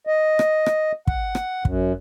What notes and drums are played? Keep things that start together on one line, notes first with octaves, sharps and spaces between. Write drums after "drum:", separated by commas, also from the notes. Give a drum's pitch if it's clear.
D#5
drum: rim click
drum: rim click
F#5, drum: kick
drum: rim click
F#2, drum: kick